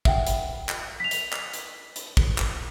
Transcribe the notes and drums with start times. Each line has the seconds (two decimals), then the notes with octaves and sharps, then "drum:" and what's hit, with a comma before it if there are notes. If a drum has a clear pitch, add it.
0.05 E5 F#5 G5, drum: kick
0.27 drum: hi-hat
0.69 drum: clap
1.00 B6 F7
1.11 drum: hi-hat
1.32 drum: clap
1.54 drum: hi-hat
1.96 drum: hi-hat
2.17 drum: kick
2.38 drum: clap